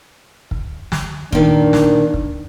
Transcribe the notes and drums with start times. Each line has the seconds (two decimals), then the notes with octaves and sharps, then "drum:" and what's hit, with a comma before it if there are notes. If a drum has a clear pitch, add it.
0.51 drum: kick
0.92 drum: snare
1.32 A#2 D#3 D4, drum: kick
1.73 drum: snare
2.14 drum: kick